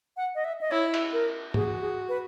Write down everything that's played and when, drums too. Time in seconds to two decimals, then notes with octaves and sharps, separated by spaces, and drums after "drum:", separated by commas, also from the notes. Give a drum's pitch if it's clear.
0.17 F#5
0.35 D#5
0.44 E5
0.61 D#5
0.71 E4 C#5
0.94 drum: cymbal
1.13 A#4
1.54 F#4 G#4, drum: tom G#2
1.81 G#4
2.09 B4